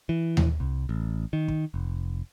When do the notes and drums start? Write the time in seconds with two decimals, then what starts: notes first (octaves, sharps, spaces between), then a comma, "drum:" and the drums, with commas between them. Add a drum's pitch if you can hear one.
0.09 E3
0.37 drum: tom D#2
0.60 C2
0.89 A1
1.33 D#3
1.48 drum: kick
1.74 F1